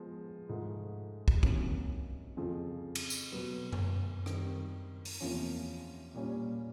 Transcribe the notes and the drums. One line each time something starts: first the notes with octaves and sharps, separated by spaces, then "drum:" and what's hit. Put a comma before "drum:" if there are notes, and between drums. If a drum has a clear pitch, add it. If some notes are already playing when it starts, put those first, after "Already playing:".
Already playing: F3 G#3 B3 F4
G#2 F3 A3
drum: kick
C3 D#3 F#3 A#3 C#4, drum: kick
F2 C#3 F3
drum: cymbal
drum: tambourine
B2 F#3 B3
drum: tom F#2
D#3 G3 C4, drum: rim click
drum: open hi-hat
E2 C3 F3 A#3 C#4
A#2 G3 A#3 C#4